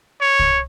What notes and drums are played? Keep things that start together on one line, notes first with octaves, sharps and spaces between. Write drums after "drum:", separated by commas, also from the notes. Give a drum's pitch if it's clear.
C#5
drum: kick C2